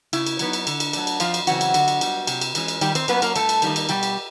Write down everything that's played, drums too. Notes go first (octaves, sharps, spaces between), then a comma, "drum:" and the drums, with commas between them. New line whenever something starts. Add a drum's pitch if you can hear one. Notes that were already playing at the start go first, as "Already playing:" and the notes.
C#3 E4, drum: cymbal
drum: cymbal
F#3 B3 D#4, drum: cymbal
drum: cymbal
D3, drum: cymbal
drum: cymbal
F#3 A3 D4, drum: cymbal
drum: cymbal
F2 F3 F4, drum: cymbal
drum: cymbal
C#3 E3 F#3 C4 F#4, drum: cymbal
drum: cymbal
D3, drum: cymbal
drum: cymbal
G3 B3, drum: cymbal
C3, drum: cymbal
drum: cymbal
E3 G#3 C#4, drum: cymbal
drum: cymbal
D#3 G3 G4, drum: cymbal
C4 C5, drum: cymbal
F#3 A#3 B3 C#4 B4, drum: cymbal
A#3 A#4, drum: cymbal
G2 A3 A4, drum: cymbal
drum: cymbal
D#3 G3 A#3 D#4, drum: cymbal
drum: cymbal
B2 G3 G4, drum: cymbal
drum: cymbal